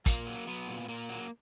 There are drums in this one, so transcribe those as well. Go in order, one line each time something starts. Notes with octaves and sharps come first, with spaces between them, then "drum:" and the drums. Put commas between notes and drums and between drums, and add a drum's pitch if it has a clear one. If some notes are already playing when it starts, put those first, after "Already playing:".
A#2 A#3, drum: kick, hi-hat
F#3
F#3 B3
A#2
A#2 A#3
F#3